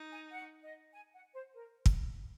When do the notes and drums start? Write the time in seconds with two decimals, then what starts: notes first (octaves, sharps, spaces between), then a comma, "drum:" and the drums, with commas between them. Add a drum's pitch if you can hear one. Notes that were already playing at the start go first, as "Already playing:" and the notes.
Already playing: D#4
0.11 G#5
0.31 F#5
0.63 D#5
0.94 G#5
1.14 F#5
1.34 C5
1.54 A#4
1.86 drum: kick